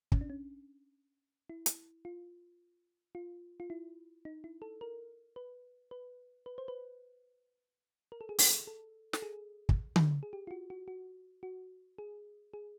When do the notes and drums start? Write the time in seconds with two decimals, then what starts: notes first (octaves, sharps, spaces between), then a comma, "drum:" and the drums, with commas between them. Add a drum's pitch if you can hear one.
0.12 C#4, drum: kick
0.21 D4
0.30 C#4
1.50 E4
1.66 drum: hi-hat
2.05 F4
3.15 F4
3.60 F4
3.70 E4
4.25 D#4
4.44 E4
4.62 A4
4.81 A#4
5.36 B4
5.91 B4
6.46 B4
6.58 C5
6.68 B4
8.12 A#4
8.21 A4
8.29 G#4
8.39 A4, drum: open hi-hat
8.67 A4
9.13 A4, drum: snare
9.22 G#4
9.69 drum: kick
9.96 drum: tom D3
10.23 G#4
10.33 G4
10.47 F4
10.51 F#4
10.70 F#4
10.88 F#4
11.43 F#4
11.98 G#4
12.54 G#4